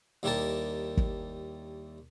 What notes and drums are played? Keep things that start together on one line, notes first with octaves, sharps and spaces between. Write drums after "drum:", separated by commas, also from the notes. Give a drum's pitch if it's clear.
D#2 G3 E4 G4 A#4 A5
drum: kick